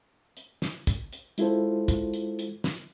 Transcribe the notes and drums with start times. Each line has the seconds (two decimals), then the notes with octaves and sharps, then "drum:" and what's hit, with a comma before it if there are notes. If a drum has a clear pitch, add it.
0.37 drum: hi-hat
0.62 drum: snare
0.87 drum: kick, hi-hat
1.13 drum: hi-hat
1.38 G#3 E4 F4 A4 C5, drum: hi-hat
1.88 drum: kick, hi-hat
2.14 drum: hi-hat
2.39 drum: hi-hat
2.64 drum: snare